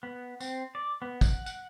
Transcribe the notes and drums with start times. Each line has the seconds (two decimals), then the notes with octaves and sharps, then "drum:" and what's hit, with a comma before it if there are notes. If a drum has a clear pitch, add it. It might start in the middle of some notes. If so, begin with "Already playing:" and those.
0.03 B3
0.40 C4, drum: tambourine
0.75 D5
1.02 B3
1.21 F#5, drum: kick, tambourine
1.46 F#5, drum: tambourine